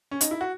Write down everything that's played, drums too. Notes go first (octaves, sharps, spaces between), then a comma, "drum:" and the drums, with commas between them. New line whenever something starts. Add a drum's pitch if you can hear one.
C#4
D#4, drum: hi-hat
E4
F#4